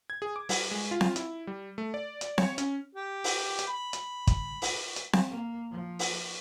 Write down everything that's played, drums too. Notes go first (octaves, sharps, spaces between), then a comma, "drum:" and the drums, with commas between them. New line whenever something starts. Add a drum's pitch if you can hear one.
G#6
G#4
D6
G3, drum: open hi-hat
G#3
F4
drum: snare C4
E4, drum: hi-hat
G3
A3
D5
drum: hi-hat
C#5, drum: snare C4
C#4, drum: hi-hat
G4
drum: open hi-hat
drum: hi-hat
B5
drum: hi-hat
drum: kick, hi-hat
drum: open hi-hat
drum: hi-hat
drum: snare C4
A#3
F3
drum: open hi-hat